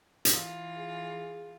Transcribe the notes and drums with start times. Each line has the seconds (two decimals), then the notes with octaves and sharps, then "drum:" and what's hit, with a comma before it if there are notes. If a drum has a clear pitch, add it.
0.25 E3 F4, drum: hi-hat
0.78 G#4